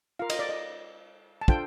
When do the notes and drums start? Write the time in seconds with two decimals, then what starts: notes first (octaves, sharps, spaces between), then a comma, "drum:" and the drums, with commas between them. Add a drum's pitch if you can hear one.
0.19 F4 A#4 F5
0.30 D#5, drum: cymbal
0.39 D5
0.49 D#5
1.41 A5
1.48 D4 F4 A4 C5 G5, drum: kick